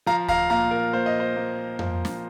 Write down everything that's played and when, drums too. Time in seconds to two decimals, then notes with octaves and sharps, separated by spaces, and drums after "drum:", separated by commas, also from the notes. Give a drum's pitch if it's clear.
0.06 F3 F5 A#5
0.29 F5 A#5, drum: kick D2
0.50 A#2 F5 A#5
0.71 A#4
0.93 A#3 C5
1.06 D#5
1.20 C5
1.36 A#3
1.79 F3, drum: tom F2
2.05 drum: snare